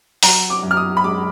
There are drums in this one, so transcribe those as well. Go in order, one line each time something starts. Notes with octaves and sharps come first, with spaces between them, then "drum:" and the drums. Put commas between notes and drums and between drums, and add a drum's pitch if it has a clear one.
F#3 A#5, drum: open hi-hat
D6
F#2
F6
D#6
B5
G#3 D6